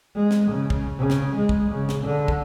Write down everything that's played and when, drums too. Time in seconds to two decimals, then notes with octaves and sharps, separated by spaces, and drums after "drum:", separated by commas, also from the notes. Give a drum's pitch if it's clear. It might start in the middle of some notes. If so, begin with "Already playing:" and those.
0.15 G#3
0.31 drum: snare
0.51 C#3
0.70 drum: kick
0.98 C#3
1.10 drum: snare
1.36 G#3
1.49 drum: kick
1.71 C#3
1.89 drum: snare
2.04 D3
2.28 drum: kick